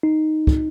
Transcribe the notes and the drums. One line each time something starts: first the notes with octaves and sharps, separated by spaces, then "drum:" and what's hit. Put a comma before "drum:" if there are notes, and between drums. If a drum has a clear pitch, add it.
D#4
drum: kick